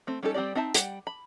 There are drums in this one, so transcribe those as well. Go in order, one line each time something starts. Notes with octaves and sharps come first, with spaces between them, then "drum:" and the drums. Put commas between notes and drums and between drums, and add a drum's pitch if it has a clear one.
A3 C4
G3 C#4 D#4 G4 A4
G3 C4 D#4 G4 D5
C4 D#4 E5 A5
G3 F#5 G5, drum: hi-hat
B5